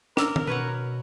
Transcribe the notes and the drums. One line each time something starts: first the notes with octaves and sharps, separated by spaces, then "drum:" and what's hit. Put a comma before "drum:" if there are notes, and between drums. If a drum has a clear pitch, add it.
D4 A#4 E6, drum: snare
drum: tom
B2 B4 C#5 F#5